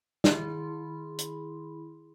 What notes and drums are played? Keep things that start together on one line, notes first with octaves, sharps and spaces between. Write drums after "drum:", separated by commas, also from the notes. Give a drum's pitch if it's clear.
D#3 E4 G#4 B5 C6, drum: snare
drum: hi-hat